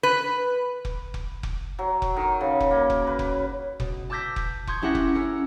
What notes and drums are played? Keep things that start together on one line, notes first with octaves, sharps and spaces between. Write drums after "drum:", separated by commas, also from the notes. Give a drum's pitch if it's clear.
B4
drum: kick F1
drum: kick F1
drum: kick F1
F#3
drum: kick F1
D#3
C#3
drum: kick F1
A#3
drum: kick F1
B4
drum: kick F1
B2, drum: kick F1
A5 D6 E6 G6 A#6 B6
drum: kick F1
C6 C#6 D#6 G6 G#6, drum: kick F1
C#4 E4 G4 E5 F#5 A#6
drum: kick F1
C#4 A#4 E6 C#7